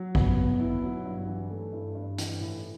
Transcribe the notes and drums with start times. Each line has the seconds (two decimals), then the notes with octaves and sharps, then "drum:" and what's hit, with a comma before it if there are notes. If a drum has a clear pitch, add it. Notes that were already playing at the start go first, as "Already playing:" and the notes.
Already playing: F#3
0.15 B3, drum: kick A1
0.37 B2
0.60 E4
0.82 F#3
1.06 G2
1.28 E3
1.50 A3
1.73 G2
1.95 G2
2.18 E3, drum: hi-hat
2.40 A2